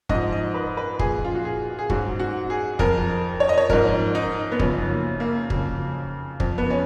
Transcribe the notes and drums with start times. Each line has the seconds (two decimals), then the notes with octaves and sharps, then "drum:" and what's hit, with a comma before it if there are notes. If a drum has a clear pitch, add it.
0.09 G#2 F3 D#5, drum: kick
0.32 D#5
0.54 B4
0.77 B4
0.99 A#2 F3 G#4, drum: kick
1.25 F4
1.35 F#4
1.45 G#4
1.79 G#4
1.90 G#2 F#3 F#4, drum: kick
2.19 F#4
2.50 G#4
2.79 F2 F3 A#4, drum: kick
3.40 C#5
3.49 D#5
3.58 C#5
3.70 G#2 F3 A#4, drum: kick
4.15 D#4
4.52 B3
4.60 F#2 C#3 F3 C#4, drum: kick
4.90 A#3
5.20 A#3
5.50 F2 C#3 F#3, drum: kick
6.40 F2 F3, drum: kick
6.58 B3
6.70 C#4